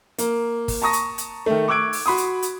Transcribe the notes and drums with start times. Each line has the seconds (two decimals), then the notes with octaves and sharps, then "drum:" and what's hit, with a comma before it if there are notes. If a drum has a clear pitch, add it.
0.18 A#3, drum: hi-hat
0.68 drum: kick, open hi-hat
0.82 A5 A#5 C#6 D#6 A#6
0.93 drum: hi-hat
1.18 drum: hi-hat
1.46 D#3 A3
1.68 C#6 D6 E6 F#6 G#6 D7
1.93 drum: open hi-hat
2.06 F#4 B5 C6 D#6
2.18 drum: hi-hat
2.43 drum: hi-hat